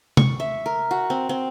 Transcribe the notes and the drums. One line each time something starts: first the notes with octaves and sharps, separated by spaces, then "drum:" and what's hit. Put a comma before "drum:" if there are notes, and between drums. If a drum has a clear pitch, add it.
C#6, drum: tom
E5
A#4
F#4
C4
C4